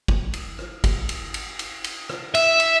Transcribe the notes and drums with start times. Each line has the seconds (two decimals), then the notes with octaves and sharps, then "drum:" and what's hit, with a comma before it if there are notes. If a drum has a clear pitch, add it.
0.08 drum: kick
0.34 drum: cymbal
0.59 drum: rim click
0.84 drum: kick, cymbal
1.09 drum: cymbal
1.34 drum: cymbal
1.59 drum: cymbal
1.84 drum: cymbal
2.09 drum: rim click
2.35 E5, drum: cymbal
2.60 drum: cymbal